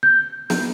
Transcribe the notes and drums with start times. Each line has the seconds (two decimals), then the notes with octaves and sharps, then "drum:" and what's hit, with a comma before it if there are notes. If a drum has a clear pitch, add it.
0.03 G6
0.50 drum: snare